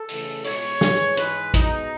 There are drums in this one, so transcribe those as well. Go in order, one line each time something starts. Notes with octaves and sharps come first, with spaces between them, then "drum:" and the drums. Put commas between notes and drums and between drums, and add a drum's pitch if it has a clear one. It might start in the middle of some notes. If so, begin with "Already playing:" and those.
Already playing: A4
C#3 E3 A3, drum: open hi-hat
B2 G#3 C#5, drum: open hi-hat
G#2 E3 G#3, drum: snare
G#2 E3 G#3 B4, drum: hi-hat
B2 G#3 D#4, drum: kick, hi-hat